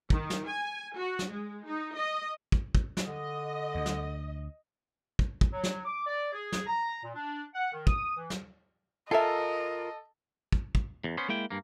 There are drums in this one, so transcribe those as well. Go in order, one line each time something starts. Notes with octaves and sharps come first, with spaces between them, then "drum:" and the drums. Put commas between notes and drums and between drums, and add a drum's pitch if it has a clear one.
D#3, drum: kick
drum: snare
G#5
F#4
drum: snare
G#3
D#4
D#5
drum: kick
drum: kick
drum: snare
D3 D#5
D2
drum: snare
drum: kick
drum: kick
F#3
drum: snare
D6
D5
G#4
drum: snare
A#5
A#2
D4
F#5
D#3
D#6, drum: kick
E3
drum: snare
F4 A4 A#4 D#5 E5 G#5
drum: kick
drum: kick
E2
B3 C#4 C5
G#3 A#3 E4 G5
G2 A#3